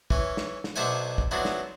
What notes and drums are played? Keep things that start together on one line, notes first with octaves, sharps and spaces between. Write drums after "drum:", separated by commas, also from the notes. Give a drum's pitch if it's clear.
E3 C#4, drum: kick
drum: snare
drum: snare
B1 D4 C5 E5 F#5 G#5
drum: kick
F#3 B3 C4 D4 E4
drum: snare